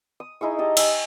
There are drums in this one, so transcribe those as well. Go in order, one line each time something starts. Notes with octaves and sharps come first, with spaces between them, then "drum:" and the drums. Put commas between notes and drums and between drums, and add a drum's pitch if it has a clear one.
D#6
D#4 E4 G#4 C#6
G4 D#5 A5 A#5
G5 G#5 E6, drum: cymbal